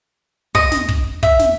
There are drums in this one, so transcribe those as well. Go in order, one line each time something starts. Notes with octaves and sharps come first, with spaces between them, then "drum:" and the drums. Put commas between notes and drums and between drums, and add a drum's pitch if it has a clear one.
D#5, drum: kick
drum: snare
drum: kick
E5, drum: kick
drum: snare